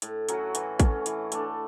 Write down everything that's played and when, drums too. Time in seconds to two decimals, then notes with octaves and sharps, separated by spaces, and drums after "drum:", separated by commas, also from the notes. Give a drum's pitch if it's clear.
0.02 A2, drum: hi-hat
0.29 F#3 C#4 F#4, drum: hi-hat
0.55 E3, drum: hi-hat
0.80 A3, drum: kick, hi-hat
0.85 C#4
1.06 E3, drum: hi-hat
1.32 A3 D4, drum: hi-hat